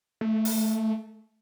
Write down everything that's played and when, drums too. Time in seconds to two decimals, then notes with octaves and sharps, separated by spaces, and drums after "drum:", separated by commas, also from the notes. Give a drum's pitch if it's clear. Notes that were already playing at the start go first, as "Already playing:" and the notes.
0.21 A3
0.45 drum: open hi-hat